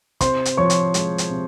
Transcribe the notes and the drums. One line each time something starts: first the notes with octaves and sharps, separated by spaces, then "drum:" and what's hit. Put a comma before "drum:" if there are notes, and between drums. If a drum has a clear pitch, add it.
C3 C5 C6, drum: kick, hi-hat
drum: hi-hat
F3 C#5 C#6
drum: hi-hat
G#3, drum: hi-hat
drum: hi-hat
C3